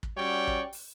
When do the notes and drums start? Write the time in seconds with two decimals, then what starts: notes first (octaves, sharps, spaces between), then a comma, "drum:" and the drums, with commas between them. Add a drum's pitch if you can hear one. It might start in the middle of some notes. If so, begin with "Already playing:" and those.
0.03 drum: kick
0.16 G3 C#4 F#4 C#5 D5 G5
0.47 drum: kick
0.73 drum: open hi-hat